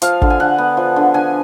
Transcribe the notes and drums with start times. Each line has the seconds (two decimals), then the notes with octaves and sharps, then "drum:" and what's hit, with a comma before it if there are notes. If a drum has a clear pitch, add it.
0.02 F3 F5, drum: hi-hat
0.22 D3, drum: kick
0.30 G#5
0.40 D3 F#5
0.58 B3
0.77 F3
0.96 D3
1.14 D3 G#5